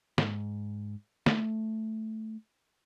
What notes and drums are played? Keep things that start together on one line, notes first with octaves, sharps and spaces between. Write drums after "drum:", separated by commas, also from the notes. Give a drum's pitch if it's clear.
G#2, drum: snare
A3, drum: snare